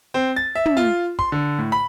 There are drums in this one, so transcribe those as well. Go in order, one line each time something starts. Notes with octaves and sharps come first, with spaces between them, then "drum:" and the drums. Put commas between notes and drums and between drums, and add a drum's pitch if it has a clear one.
C4
A6
E5
drum: tom
F4
C6, drum: kick
D3
A2
B5